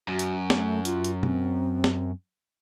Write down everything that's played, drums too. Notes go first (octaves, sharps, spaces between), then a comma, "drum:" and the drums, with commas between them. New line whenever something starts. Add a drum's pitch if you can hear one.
F#2 F#4
drum: hi-hat
A3, drum: snare
F4, drum: hi-hat
drum: hi-hat
C4, drum: tom
drum: snare